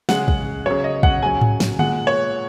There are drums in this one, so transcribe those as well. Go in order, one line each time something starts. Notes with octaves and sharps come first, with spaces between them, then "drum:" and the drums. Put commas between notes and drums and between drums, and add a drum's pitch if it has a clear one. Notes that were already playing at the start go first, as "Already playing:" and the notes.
C#3 G#3 F#5, drum: snare
drum: kick
C#3 F#3 C#5
D#5
F#5, drum: kick
C#3 F#3 G#5
drum: tom G#2
drum: snare
A#2 G#3 F#5, drum: tom D3
C#5